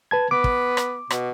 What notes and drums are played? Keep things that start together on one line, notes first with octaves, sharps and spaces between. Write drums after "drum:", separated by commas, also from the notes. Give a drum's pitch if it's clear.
B4 A5 G#6
B3 D6
drum: kick
drum: rim click
B2, drum: rim click